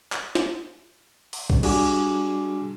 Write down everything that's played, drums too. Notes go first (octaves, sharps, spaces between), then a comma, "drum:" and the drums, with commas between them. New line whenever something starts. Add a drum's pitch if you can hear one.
drum: clap
drum: snare
drum: open hi-hat
drum: kick B1
G3 D4 F#4 G#4 G#5 D6, drum: cymbal